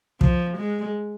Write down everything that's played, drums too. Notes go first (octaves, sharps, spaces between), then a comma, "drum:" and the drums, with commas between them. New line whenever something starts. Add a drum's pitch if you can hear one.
F3, drum: kick
G#3